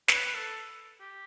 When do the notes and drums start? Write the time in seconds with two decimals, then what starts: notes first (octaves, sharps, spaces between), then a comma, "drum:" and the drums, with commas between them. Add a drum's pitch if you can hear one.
0.08 B4, drum: snare
0.35 A4
1.00 G4